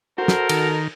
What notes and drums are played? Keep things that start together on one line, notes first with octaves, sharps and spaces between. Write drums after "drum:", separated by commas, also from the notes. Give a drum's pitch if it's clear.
B2 F#4 A4 A#4 C5
drum: snare
D#3, drum: cymbal